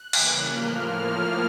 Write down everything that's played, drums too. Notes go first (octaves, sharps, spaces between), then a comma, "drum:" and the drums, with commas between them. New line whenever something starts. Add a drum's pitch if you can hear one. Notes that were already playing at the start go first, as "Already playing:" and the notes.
Already playing: F#6
E2 C#3 E3 G3 A#3, drum: cymbal
A2 F3 A#3 F6